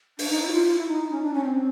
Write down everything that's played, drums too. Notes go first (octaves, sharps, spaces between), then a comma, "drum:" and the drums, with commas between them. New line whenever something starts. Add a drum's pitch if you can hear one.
D4, drum: open hi-hat
D#4
E4
F#4
F4
F4
E4
D#4
C#4
D4
C#4
C4